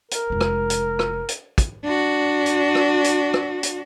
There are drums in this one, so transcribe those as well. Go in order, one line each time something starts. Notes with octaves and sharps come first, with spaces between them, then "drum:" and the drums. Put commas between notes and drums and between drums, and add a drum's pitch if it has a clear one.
A#4, drum: hi-hat
F1 G#3
drum: rim click
drum: hi-hat
drum: rim click
drum: hi-hat
drum: kick, hi-hat
D4 F#4
drum: hi-hat
drum: rim click
drum: hi-hat
drum: rim click
drum: hi-hat